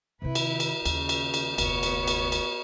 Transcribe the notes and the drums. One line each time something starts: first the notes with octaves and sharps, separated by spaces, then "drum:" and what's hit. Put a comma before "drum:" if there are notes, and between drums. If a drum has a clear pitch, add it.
C3 D#3 E4 B4
drum: cymbal
drum: cymbal
D#2 C#3, drum: cymbal
drum: cymbal
drum: cymbal
F1 D2 B3 C#5, drum: cymbal
drum: cymbal
drum: cymbal
drum: cymbal